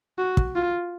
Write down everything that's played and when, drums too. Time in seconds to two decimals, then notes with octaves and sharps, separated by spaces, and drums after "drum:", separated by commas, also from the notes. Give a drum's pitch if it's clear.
0.18 F#4
0.37 drum: kick
0.56 F4